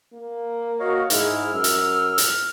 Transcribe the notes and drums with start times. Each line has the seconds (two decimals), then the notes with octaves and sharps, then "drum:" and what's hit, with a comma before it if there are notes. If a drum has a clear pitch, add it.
0.14 A#3
0.80 F#4 C#5 D#5 F5
1.10 G#2 E4 G#4 F6, drum: hi-hat
1.53 F#2 E6 F6
1.64 drum: hi-hat
2.18 drum: hi-hat